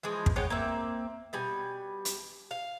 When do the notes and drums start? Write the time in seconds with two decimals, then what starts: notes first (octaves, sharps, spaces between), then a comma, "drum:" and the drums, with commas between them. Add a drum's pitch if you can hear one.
0.03 E3 F3 G#3
0.26 drum: kick
0.36 G#3 B3 C#5 G5
0.50 A#3 C4 E5
1.33 B2 G3 G#5
2.05 drum: hi-hat
2.51 F5